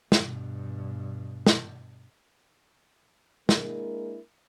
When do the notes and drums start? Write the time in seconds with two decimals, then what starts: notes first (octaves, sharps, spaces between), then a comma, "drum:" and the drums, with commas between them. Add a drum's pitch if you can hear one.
0.12 G2 B2, drum: snare
1.47 drum: snare
3.49 G#3 A#3 D4 E4 A#4, drum: snare